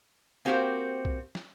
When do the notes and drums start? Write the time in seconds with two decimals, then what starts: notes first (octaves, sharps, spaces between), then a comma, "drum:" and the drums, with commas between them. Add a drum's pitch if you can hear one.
0.45 A#3 C4 F#4 G4 A#4 C5
1.05 drum: kick C2
1.35 drum: snare